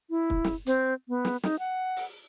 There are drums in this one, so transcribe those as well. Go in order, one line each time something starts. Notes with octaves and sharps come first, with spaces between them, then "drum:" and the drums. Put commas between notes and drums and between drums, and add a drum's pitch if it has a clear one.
E4
drum: kick
drum: snare
C4, drum: hi-hat
B3
drum: snare
D#4, drum: snare
F#5
drum: open hi-hat